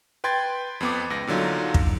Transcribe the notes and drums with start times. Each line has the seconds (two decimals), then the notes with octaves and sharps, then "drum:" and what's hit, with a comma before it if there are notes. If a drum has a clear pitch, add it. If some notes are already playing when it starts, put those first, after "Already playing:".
0.24 B4 G5 C6 G#6 A6
0.81 F2 B3 D6
1.10 C#2 A#6
1.27 A#2 D3 F#3 D#4 F4
1.74 drum: kick